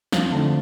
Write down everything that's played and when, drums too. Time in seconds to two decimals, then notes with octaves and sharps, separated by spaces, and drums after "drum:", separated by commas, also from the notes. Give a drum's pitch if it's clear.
0.12 F2 F4, drum: snare
0.32 D3 A3 C4